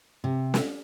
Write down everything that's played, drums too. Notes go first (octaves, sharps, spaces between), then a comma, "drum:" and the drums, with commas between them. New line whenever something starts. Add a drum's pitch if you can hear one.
C3
drum: snare